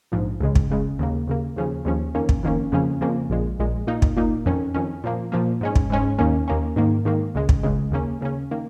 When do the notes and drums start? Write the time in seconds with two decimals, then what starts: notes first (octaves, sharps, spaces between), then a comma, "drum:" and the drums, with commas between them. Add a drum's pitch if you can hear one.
0.12 A#1 G#2 F3
0.40 C#2 C#3 G#3
0.55 drum: kick
0.70 C#2 C#3 G#3
0.99 D#2 C#3 A#3
1.27 D#2 C#3 A#3
1.56 D#2 C#3 F3 C#4
1.85 D#2 C#3 F3 C#4
2.15 F2 D#3 A#3 C#4
2.29 drum: kick
2.43 F2 D#3 A#3 C#4
2.72 F2 C#3 F3 A#3 C#4
3.01 F2 C#3 F3 A#3 C#4
3.30 A#1 A#2 G#3
3.59 A#1 A#2 G#3
3.87 A#2 A#3 D#4
4.02 drum: kick
4.17 A#2 A#3 D#4
4.46 F2 D#3 C#4
4.74 F2 D#3 C#4
5.04 A#2 F3 A#3
5.32 A#2 F3 A#3
5.61 G#2 G#3 C#4
5.76 drum: kick
5.90 G#2 G#3 C#4
6.19 D#2 D#3 A#3 C#4
6.48 D#2 D#3 A#3 C#4
6.76 G#2 D#3 A#3
7.05 G#2 D#3 A#3
7.35 C#2 C#3 G#3
7.49 drum: kick
7.63 C#2 C#3 G#3
7.92 D#2 C#3 A#3 C#4
8.21 D#2 C#3 A#3 C#4
8.51 D#3 A#3